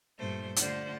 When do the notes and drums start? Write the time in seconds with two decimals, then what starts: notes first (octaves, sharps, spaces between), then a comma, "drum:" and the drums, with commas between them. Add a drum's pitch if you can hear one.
0.17 G2 A#2 A3 C5
0.56 D3 A3 F4 C5 D5 F#5, drum: hi-hat